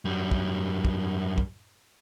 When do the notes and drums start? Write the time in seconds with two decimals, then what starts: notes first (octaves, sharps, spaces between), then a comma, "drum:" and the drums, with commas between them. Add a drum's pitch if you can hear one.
0.05 F#2 G3
0.32 drum: kick
0.85 drum: kick
1.38 drum: kick